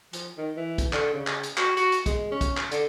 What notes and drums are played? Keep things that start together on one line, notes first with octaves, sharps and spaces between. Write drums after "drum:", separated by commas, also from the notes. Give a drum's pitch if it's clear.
F3, drum: hi-hat
D#3
E3
drum: kick, hi-hat
D3, drum: clap
C#3
drum: clap
drum: hi-hat
F#4, drum: clap
F#4, drum: hi-hat
drum: hi-hat
G#3, drum: kick, hi-hat
C#4
drum: kick, hi-hat
drum: clap
D3, drum: hi-hat